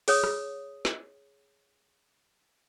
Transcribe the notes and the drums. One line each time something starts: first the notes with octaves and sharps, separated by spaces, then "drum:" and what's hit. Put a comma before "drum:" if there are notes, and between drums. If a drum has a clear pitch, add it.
G#4 C#5 D#6, drum: open hi-hat
drum: rim click
drum: snare